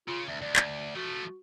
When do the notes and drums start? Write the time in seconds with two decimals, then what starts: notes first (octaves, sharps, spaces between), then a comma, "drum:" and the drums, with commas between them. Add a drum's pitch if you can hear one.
0.08 C#3 F4
0.28 D2 E5
0.42 D2 D5
0.56 drum: clap
0.96 F3 A3 F#4